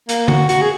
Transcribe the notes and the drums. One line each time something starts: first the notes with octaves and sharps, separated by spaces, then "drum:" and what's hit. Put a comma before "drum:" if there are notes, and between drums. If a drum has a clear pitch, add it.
A#3, drum: hi-hat
F#4, drum: tom D3
F#4, drum: hi-hat
G#4